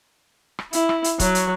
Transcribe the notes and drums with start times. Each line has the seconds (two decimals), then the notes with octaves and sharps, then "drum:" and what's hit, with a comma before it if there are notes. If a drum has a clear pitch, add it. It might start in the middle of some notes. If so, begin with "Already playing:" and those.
0.59 drum: rim click
0.73 E4, drum: hi-hat
0.89 drum: rim click
1.04 drum: hi-hat
1.19 F#3, drum: kick C#1, hi-hat
1.35 drum: hi-hat